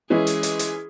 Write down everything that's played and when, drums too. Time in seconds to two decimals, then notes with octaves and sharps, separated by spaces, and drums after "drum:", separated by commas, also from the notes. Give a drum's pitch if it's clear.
0.10 E3 G#3 C#4 E4 G#4
0.27 drum: hi-hat
0.43 drum: hi-hat
0.59 drum: hi-hat